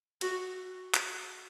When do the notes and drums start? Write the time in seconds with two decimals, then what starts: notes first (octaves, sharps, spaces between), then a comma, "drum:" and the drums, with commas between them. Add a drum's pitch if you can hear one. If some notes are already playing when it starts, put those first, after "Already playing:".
0.21 F#4, drum: cymbal
0.94 drum: clap